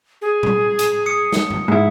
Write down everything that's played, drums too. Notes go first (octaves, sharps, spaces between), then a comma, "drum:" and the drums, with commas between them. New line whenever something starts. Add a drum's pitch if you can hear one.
G#4
drum: tom A#2
drum: hi-hat
D#6 C#7
drum: snare
drum: tom F#2
G#2 E4